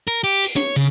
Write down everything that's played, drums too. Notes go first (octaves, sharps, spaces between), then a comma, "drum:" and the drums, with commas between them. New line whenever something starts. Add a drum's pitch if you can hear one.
A#4
G4
drum: open hi-hat
C#5, drum: hi-hat
C#3